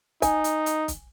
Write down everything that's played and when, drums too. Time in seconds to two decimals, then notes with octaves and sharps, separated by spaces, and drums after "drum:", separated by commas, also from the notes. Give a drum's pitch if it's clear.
0.22 D#4 G#5, drum: kick, hi-hat
0.44 drum: hi-hat
0.66 drum: hi-hat
0.88 drum: kick, hi-hat